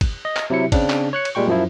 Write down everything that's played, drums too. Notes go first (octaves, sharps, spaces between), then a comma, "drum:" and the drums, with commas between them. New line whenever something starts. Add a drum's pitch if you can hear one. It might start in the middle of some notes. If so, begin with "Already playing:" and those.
drum: kick, cymbal
D#5
drum: clap
C3 F#3 E4 C#7
C#3 C4 D4, drum: kick, cymbal
drum: clap
C#5 F#6 C#7
drum: cymbal
A#2 G3 G#3 G5 C#6
F#2 F3 E4